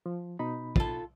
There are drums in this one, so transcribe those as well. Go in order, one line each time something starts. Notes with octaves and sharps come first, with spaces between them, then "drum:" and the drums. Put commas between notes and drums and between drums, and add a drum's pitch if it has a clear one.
F3
B2 D#4 B5
F4 A4, drum: kick